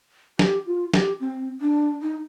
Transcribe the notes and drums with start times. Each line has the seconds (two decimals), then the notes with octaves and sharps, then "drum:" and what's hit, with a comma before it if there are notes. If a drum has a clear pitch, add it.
0.39 G4, drum: snare
0.66 F4
0.94 G4, drum: snare
1.20 C4
1.61 D4
2.02 D#4